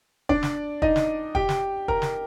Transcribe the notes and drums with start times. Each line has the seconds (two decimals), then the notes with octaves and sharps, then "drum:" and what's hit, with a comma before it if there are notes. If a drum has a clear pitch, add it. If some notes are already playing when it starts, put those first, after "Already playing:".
0.29 D4 D5, drum: kick
0.43 drum: snare
0.82 D#4 D#5, drum: kick
0.96 drum: snare
1.35 G4 G5, drum: kick
1.49 drum: snare
1.88 A#4 A#5, drum: kick
2.02 drum: snare